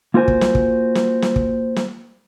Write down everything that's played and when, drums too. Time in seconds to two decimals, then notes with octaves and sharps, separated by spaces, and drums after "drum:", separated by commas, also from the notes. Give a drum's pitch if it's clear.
0.14 A#3 F4 F#4 A#4 C5 G#5
0.28 drum: kick
0.41 drum: snare
0.55 drum: kick
0.95 drum: snare
1.22 drum: snare
1.36 drum: kick
1.76 drum: snare